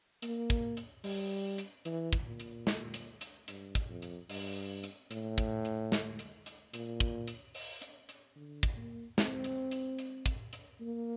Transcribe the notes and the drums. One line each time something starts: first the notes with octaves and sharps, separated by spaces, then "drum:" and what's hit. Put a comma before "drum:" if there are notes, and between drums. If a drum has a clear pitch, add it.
A#3, drum: hi-hat
drum: kick, hi-hat
drum: hi-hat
G3, drum: open hi-hat
drum: hi-hat
E3, drum: hi-hat
drum: kick, hi-hat
A#2
drum: hi-hat
drum: snare
drum: hi-hat
drum: hi-hat
G2, drum: hi-hat
drum: kick, hi-hat
F2
drum: hi-hat
G2, drum: open hi-hat
drum: hi-hat
A2, drum: hi-hat
drum: kick, hi-hat
drum: hi-hat
drum: snare
drum: hi-hat
drum: hi-hat
A#2, drum: hi-hat
drum: kick, hi-hat
drum: hi-hat
drum: open hi-hat
drum: hi-hat
drum: hi-hat
D3
drum: kick, hi-hat
A#3
C4, drum: snare
drum: hi-hat
drum: hi-hat
drum: hi-hat
drum: kick, hi-hat
drum: hi-hat
A#3